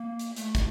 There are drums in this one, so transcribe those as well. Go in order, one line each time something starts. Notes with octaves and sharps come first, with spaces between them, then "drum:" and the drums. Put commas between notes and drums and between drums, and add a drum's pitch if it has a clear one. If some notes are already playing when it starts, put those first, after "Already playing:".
Already playing: A#3
drum: hi-hat
A3, drum: hi-hat
drum: kick, hi-hat